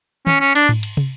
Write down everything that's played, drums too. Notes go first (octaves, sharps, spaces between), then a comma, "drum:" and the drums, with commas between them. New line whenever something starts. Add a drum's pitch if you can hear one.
C#4, drum: tom
C#4
D4, drum: cymbal
drum: tom G#2
drum: cymbal
drum: tom